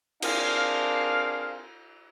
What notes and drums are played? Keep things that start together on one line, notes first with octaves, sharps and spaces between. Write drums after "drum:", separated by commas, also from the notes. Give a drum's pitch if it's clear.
C4 D4 G#4 A#4 F5, drum: cymbal